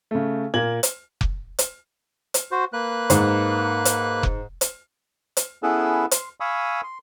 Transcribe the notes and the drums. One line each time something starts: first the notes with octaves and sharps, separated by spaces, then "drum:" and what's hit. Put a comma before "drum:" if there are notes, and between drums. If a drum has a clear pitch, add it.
C#3 A3
A#2 A#3 G#6 F#7
drum: hi-hat
drum: kick F1
drum: hi-hat
drum: hi-hat
F#4 C5
A#3 B4 F#6
G#2, drum: hi-hat
drum: hi-hat
drum: kick F1
drum: hi-hat
drum: hi-hat
B3 C#4 E4 G#4 A4 B4
C6, drum: hi-hat
F5 G#5 B5 C#6 D#6 E6
C6